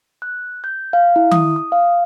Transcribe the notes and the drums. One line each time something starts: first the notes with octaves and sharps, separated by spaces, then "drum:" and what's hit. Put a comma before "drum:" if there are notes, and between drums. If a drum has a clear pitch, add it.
F#6
G6
F5
E4
D#6, drum: tom D#3
D#6
F5